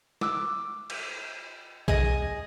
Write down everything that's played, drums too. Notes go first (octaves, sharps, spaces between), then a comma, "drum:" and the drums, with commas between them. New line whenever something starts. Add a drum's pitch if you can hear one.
D6 E6 F#6, drum: snare
drum: cymbal
G#4 D#5 G#5, drum: kick B1